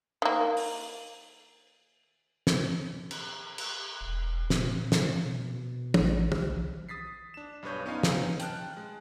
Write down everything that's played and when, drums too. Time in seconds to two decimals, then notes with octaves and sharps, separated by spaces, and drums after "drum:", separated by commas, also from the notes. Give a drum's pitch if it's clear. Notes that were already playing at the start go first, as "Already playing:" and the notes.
0.22 D#3 A#3
0.57 drum: open hi-hat
2.47 drum: snare
3.11 drum: cymbal
3.58 drum: cymbal
4.01 E1
4.50 A#2, drum: snare
4.92 drum: snare
5.25 B2
5.94 A1, drum: tom
6.32 C2, drum: tom
6.89 D#6 A6 B6 C7
7.34 D4 E7
7.62 B1 G2 D4 B4 C#5 G6
7.86 B3 C#4 D#4 F4 F5 G#5
8.03 drum: snare
8.40 G5 A5 F6 F#6, drum: hi-hat
8.73 G#3 F#6